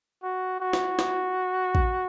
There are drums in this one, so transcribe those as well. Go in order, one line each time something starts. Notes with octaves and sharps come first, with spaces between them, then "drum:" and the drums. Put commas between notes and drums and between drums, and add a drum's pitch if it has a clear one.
F#4
F#4
drum: snare
drum: snare
drum: kick